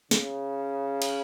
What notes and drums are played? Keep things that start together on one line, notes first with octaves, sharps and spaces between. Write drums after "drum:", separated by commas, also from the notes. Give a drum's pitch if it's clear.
C#3, drum: snare
drum: cymbal